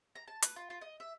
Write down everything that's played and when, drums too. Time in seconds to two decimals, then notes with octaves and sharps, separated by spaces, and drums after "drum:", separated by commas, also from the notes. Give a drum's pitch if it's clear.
0.15 A#5
0.28 A5
0.42 B4, drum: hi-hat
0.56 F4
0.70 F4
0.81 D#5
1.00 E5